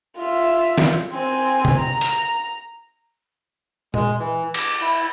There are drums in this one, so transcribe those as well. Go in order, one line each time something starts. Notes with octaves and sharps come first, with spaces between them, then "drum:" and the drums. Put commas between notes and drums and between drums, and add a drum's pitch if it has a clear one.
F4 E5
drum: snare
C4 G#5
drum: tom
A#5
drum: hi-hat
G#3, drum: tom
E3
D6, drum: cymbal
E4